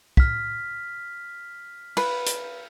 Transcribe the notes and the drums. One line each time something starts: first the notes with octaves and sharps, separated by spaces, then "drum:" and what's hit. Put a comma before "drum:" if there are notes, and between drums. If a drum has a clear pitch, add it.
F6 B6, drum: kick
B4, drum: cymbal
drum: hi-hat